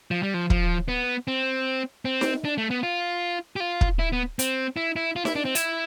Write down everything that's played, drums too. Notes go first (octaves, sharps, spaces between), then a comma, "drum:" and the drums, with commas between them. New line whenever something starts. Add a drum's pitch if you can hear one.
F3
G3
F3
F3, drum: kick
B3
C4
C4
drum: snare D#4
D4
A3
B3
F4
G4
F4
drum: kick
E4
B3
C4, drum: hi-hat
E4
E4
F4
E4, drum: snare D#4
D4
C4
E4, drum: hi-hat